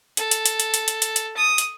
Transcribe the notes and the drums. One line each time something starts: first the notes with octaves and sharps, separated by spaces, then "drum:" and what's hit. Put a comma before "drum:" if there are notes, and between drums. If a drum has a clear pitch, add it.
A4, drum: hi-hat
drum: hi-hat
drum: hi-hat
drum: hi-hat
drum: hi-hat
drum: hi-hat
drum: hi-hat
drum: hi-hat
D#6
drum: hi-hat